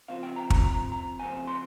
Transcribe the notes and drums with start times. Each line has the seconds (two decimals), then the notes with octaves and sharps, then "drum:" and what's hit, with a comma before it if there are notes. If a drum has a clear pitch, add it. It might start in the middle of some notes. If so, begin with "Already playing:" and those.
0.08 C#3 F3 C4 F5
0.23 G5
0.36 A#5
0.50 A#5, drum: kick
0.64 A#5
0.92 A#5
1.20 C#3 F3 C4 G#5
1.47 C6